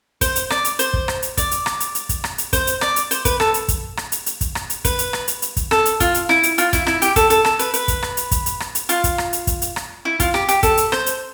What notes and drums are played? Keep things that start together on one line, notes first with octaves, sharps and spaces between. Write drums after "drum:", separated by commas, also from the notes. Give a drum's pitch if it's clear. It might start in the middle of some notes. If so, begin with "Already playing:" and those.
C5, drum: kick, hi-hat
drum: hi-hat
D5, drum: rim click
drum: hi-hat
C5, drum: hi-hat
drum: kick
drum: rim click
drum: hi-hat
D5, drum: kick, hi-hat
drum: hi-hat
drum: rim click
drum: hi-hat
drum: hi-hat
drum: kick, hi-hat
drum: rim click
drum: hi-hat
C5, drum: kick, hi-hat
drum: hi-hat
D5, drum: rim click
drum: hi-hat
C5, drum: hi-hat
B4, drum: kick, hi-hat
A4, drum: rim click
drum: hi-hat
drum: kick, hi-hat
drum: rim click
drum: hi-hat
drum: hi-hat
drum: kick, hi-hat
drum: rim click
drum: hi-hat
B4, drum: kick, hi-hat
drum: hi-hat
drum: rim click
drum: hi-hat
drum: hi-hat
drum: kick, hi-hat
A4, drum: rim click
drum: hi-hat
F4, drum: kick, hi-hat
drum: hi-hat
E4, drum: rim click
drum: hi-hat
F4, drum: hi-hat
E4, drum: kick, hi-hat
E4, drum: rim click
G4, drum: hi-hat
A4, drum: kick, hi-hat
A4, drum: hi-hat
A4, drum: rim click
B4, drum: hi-hat
B4, drum: hi-hat
drum: kick, hi-hat
drum: rim click
drum: hi-hat
drum: kick, hi-hat
drum: hi-hat
drum: rim click
drum: hi-hat
F4, drum: hi-hat
drum: kick, hi-hat
drum: rim click
drum: hi-hat
drum: kick, hi-hat
drum: hi-hat
drum: rim click
E4
F4, drum: kick, hi-hat
G4, drum: rim click
G4, drum: hi-hat
A4, drum: kick, hi-hat
drum: hi-hat
C5, drum: rim click
drum: hi-hat